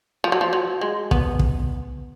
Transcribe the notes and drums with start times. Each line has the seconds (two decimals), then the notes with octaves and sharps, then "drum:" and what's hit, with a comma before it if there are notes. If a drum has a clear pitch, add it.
0.24 F3
0.32 F#3
0.41 F3
0.53 F#3
0.81 G#3
1.11 B3, drum: kick
1.39 drum: kick